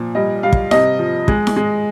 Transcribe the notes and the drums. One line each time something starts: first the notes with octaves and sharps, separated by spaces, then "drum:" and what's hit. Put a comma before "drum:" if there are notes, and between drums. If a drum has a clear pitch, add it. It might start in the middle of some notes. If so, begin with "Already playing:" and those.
Already playing: A#2 F3
G3 D#5
G3 F5
drum: kick
C3 D#5, drum: snare E4
F3
G#3, drum: kick
drum: snare E4
G#3